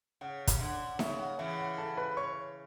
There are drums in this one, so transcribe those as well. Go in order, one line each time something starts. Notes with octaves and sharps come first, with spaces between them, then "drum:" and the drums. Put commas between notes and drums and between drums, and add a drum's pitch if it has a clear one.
C#3 F#5
drum: kick, hi-hat
D3
C#3 E5, drum: snare D#4
F#5
C#3 E3 E5
F#5
A4 A5
B4 B5
C#5 C#6